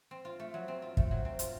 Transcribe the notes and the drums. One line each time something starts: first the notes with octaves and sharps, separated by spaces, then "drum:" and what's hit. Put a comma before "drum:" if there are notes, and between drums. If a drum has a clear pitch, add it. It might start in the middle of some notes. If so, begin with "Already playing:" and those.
C4
F4
A3
F#3
C4
F4
A3, drum: kick
F#3
C4
F4, drum: hi-hat